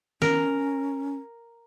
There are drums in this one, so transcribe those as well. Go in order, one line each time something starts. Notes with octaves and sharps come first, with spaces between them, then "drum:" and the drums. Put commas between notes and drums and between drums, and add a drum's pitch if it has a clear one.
C#4 A#4, drum: snare